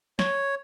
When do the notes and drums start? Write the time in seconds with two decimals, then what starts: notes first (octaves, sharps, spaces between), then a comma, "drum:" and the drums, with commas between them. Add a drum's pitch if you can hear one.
0.19 C#5, drum: snare